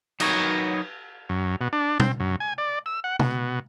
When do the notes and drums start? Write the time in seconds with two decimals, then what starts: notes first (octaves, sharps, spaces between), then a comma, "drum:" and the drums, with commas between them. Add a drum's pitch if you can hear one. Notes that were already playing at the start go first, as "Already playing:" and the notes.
0.20 F#3 D#4 F#4 A#4 B4 C#5, drum: cymbal
1.29 F#2
1.61 B2
1.73 D4
2.00 C4, drum: tom B2
2.20 F#2
2.40 G#5
2.58 D5
2.86 E6
3.04 F#5
3.19 B2, drum: tom